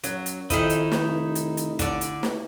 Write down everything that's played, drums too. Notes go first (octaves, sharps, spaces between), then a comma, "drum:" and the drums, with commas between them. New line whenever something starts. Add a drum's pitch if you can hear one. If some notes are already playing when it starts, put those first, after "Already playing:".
F#2 F#3, drum: hi-hat
drum: hi-hat
F2 D#3 D#4 E4, drum: kick, hi-hat
drum: hi-hat
drum: snare
F1
drum: hi-hat
drum: hi-hat
D3 D5, drum: kick, hi-hat
drum: hi-hat
drum: snare